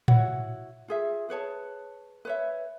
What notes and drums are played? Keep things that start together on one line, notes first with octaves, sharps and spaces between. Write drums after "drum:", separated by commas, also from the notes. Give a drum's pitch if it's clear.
E4 F#4 C#5 F#5, drum: tom A2
F4 G#4 E5
G#4 B4 C#5 A5
B4 C#5 E5